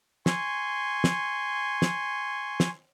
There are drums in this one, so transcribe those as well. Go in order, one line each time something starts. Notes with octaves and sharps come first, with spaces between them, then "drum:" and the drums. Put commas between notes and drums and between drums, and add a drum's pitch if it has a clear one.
G#5 C6 C#6, drum: snare
drum: snare
drum: snare
drum: snare